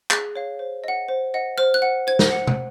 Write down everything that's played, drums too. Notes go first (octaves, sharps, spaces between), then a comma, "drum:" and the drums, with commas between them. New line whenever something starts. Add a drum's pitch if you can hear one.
G#4 F#6, drum: clap
C#5 F5
C5
D#5 F#5
C5
D#5 F#5
C5 F6
F#6
F#5
C5 G#6
drum: snare
F#5
drum: tom